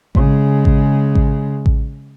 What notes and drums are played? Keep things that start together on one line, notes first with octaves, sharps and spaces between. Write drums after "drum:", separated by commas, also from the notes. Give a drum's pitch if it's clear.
C#3 G#3, drum: kick A1
drum: kick A1
drum: kick A1
drum: kick A1